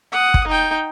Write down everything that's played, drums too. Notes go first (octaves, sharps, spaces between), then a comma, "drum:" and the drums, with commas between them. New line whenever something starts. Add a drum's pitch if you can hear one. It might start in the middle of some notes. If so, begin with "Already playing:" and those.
F#5 D#6
drum: kick
D#4 G5